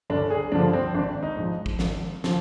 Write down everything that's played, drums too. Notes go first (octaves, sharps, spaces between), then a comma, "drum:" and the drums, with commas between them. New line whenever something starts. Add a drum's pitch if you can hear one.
G1 D4
G#4
G2 D3 F3 D4
C4
G#1 D4
D#4
G#2 F3
drum: kick
G#1, drum: snare
F3, drum: snare